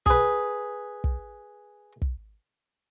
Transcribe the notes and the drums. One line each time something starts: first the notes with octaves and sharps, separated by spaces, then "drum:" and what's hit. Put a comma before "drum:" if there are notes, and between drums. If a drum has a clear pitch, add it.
G#4 B4, drum: kick
drum: kick
drum: kick